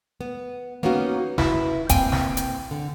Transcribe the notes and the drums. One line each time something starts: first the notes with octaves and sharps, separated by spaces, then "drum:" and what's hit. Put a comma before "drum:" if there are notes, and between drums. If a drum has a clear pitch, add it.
B3
A#3 B3 C#4 D#4 F#4
E4 B4 E5, drum: snare
A#3 C4 G5 G#5, drum: kick, hi-hat
drum: snare
drum: hi-hat
D3